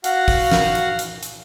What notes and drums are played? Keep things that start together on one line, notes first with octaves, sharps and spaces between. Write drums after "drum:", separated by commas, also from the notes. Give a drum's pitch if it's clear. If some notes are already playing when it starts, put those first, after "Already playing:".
F#4 F5 F#5, drum: hi-hat
drum: kick, open hi-hat
drum: snare
drum: hi-hat
drum: hi-hat
drum: hi-hat